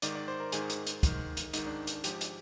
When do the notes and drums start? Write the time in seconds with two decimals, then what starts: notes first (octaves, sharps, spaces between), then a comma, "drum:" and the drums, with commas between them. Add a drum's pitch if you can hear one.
0.02 G#2 D#3 D5, drum: hi-hat
0.15 D5
0.28 C5
0.40 A#4
0.52 G#2 D#3 G#4, drum: hi-hat
0.70 drum: hi-hat
0.87 drum: hi-hat
1.03 G#2 D#3, drum: kick, hi-hat
1.37 drum: hi-hat
1.53 G#2 D#3 D#4, drum: hi-hat
1.66 D4
1.87 drum: hi-hat
2.04 G#2 F3 G4, drum: hi-hat
2.21 drum: hi-hat